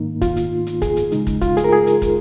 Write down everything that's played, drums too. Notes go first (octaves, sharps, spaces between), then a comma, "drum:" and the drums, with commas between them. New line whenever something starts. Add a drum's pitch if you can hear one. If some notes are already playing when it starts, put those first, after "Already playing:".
Already playing: G#2 D#3 A#3 D#4
F4, drum: kick, hi-hat
drum: hi-hat
drum: hi-hat
G#4, drum: kick, hi-hat
drum: hi-hat
C#3 G#3 D#4, drum: hi-hat
drum: kick, hi-hat
F4, drum: kick, hi-hat
G#4, drum: hi-hat
A#4
G#4
drum: hi-hat
drum: kick, hi-hat